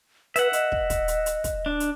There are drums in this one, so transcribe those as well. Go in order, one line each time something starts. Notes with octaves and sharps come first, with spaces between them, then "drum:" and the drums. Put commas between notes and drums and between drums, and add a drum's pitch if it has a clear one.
B4 E5 F#5, drum: hi-hat
D#5, drum: hi-hat
drum: kick
drum: kick, hi-hat
drum: hi-hat
drum: hi-hat
drum: kick, hi-hat
D4
drum: hi-hat